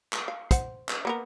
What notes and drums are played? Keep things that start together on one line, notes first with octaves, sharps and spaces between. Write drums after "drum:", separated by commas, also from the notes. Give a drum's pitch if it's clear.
drum: clap
F5
C5 F#5, drum: kick, hi-hat
drum: clap
A#3 B3 A#4